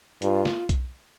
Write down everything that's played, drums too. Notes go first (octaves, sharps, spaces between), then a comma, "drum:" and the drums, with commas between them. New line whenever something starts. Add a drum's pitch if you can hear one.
G2 F4, drum: hi-hat
drum: snare
drum: kick B1, hi-hat